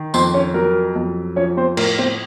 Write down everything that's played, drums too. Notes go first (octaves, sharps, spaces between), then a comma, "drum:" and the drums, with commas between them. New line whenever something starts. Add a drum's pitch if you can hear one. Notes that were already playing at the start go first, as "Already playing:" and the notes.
Already playing: D#3
F2 C5 C6, drum: tambourine
C#4 C#5
F#3 A#4
F2
F3 C#4 C#5
C4 C5
A2 A#4, drum: cymbal
C4 C5